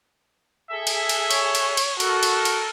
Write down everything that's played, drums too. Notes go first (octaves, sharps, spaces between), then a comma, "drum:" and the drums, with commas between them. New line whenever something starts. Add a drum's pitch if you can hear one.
G#4 A4 E5
drum: cymbal
drum: cymbal
C#5, drum: cymbal
drum: cymbal
drum: cymbal
F#4 A4 A#4, drum: cymbal
drum: cymbal
drum: cymbal